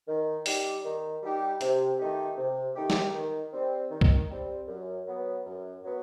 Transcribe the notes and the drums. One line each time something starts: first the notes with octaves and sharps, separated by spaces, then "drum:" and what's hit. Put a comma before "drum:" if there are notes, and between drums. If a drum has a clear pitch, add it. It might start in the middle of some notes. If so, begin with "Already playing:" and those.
D#3
G3 D#4 G4, drum: open hi-hat
D#3
G3 D#4 G4
C3, drum: hi-hat
D#3 A3 D#4 G4
C3
D#3 A3 D#4 G4
drum: snare
D#3
G3 C4
D#3
drum: kick C2
G3 C4
F#2
F#3 B3
F#2
F#3 B3